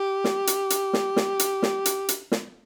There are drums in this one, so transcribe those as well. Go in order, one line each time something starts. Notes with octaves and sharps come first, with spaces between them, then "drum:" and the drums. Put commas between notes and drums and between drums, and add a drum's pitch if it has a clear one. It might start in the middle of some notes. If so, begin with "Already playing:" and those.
Already playing: G4
drum: snare
drum: hi-hat
drum: hi-hat
drum: snare
drum: snare
drum: hi-hat
drum: snare
drum: hi-hat
drum: hi-hat
drum: snare